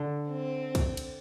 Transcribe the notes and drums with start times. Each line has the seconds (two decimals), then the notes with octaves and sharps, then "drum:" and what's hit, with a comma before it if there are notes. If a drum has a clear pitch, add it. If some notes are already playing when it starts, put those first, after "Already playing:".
Already playing: D3
0.30 C4
0.75 drum: kick, cymbal
0.97 drum: cymbal